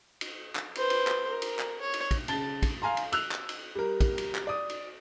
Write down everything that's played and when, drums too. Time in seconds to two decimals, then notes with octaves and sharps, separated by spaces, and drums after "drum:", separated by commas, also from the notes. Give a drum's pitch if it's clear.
0.21 drum: cymbal
0.55 drum: clap
0.75 B4 C5, drum: cymbal
0.90 drum: cymbal
1.07 drum: clap
1.28 A#4
1.42 drum: cymbal
1.59 drum: clap
1.80 C#5
1.93 drum: cymbal
2.11 drum: kick, cymbal
2.28 C#3 A5 A6 G7, drum: cymbal
2.62 drum: kick, cymbal
2.82 F5 G#5 A#5 C6
2.97 drum: cymbal
3.12 E6 F#6 F7, drum: cymbal
3.31 drum: clap
3.49 drum: cymbal
3.75 G3 A#4
4.00 drum: kick, cymbal
4.18 drum: cymbal
4.35 drum: clap
4.47 D5 D#6
4.69 drum: cymbal